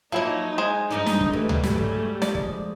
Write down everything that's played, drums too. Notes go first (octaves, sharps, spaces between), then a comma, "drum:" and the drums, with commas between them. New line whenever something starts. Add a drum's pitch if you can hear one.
F3 F#3 A#3 D#4 E4 C#5
G#3 C5 G#5
G2 F3 D4 D#4
drum: snare
drum: kick
E3 G3 A3
drum: tom C#2
G#2 F#3, drum: snare
drum: kick
F3 G#3 A#3 D5, drum: snare
drum: kick